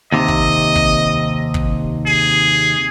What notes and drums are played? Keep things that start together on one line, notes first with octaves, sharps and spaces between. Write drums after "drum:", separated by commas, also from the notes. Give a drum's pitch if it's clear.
D#2 C3 D#5
drum: kick
drum: kick
drum: kick
G#4